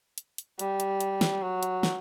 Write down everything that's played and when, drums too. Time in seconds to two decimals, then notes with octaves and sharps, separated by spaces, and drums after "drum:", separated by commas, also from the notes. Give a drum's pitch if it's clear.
0.18 drum: hi-hat
0.38 drum: hi-hat
0.59 G3, drum: hi-hat
0.80 drum: hi-hat
1.00 drum: hi-hat
1.21 drum: snare
1.42 F#3
1.63 drum: hi-hat
1.83 drum: snare